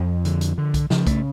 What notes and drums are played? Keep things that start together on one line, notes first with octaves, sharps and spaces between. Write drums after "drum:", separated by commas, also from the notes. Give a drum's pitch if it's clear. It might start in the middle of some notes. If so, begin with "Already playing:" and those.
Already playing: F2 F3
D3, drum: hi-hat
drum: hi-hat
D3
drum: kick B1, hi-hat
C#3 F3, drum: snare
A3, drum: kick B1, hi-hat